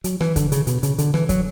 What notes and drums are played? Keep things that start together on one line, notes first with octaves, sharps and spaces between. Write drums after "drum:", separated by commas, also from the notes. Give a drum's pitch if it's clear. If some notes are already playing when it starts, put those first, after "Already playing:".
F#3, drum: hi-hat
E3, drum: rim click
D3, drum: kick, hi-hat
C#3, drum: hi-hat
B2, drum: hi-hat
C#3, drum: hi-hat
D3, drum: hi-hat
E3, drum: rim click
F#3, drum: kick, hi-hat